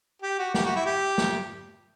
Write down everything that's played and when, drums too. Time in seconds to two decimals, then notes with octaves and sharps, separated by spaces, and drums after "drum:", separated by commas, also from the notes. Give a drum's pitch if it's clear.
0.22 G4
0.39 F#4
0.54 G4, drum: snare
0.65 F#4
0.75 E4
0.86 G4
1.18 drum: snare